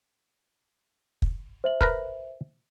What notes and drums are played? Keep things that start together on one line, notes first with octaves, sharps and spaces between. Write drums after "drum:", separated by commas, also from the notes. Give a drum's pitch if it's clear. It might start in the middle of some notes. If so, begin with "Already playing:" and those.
drum: kick
C5 E5 F#7
A#4 B4 A#5, drum: kick